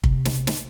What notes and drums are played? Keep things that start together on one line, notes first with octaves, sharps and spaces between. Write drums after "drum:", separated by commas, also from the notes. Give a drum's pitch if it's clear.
C3, drum: kick
drum: snare
drum: snare